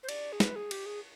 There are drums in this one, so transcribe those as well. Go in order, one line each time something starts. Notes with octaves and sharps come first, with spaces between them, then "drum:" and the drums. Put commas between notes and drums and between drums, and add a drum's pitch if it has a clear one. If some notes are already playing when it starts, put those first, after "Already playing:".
C5
D5, drum: cymbal
G#4
B4, drum: snare
G#4
G4, drum: cymbal
G#4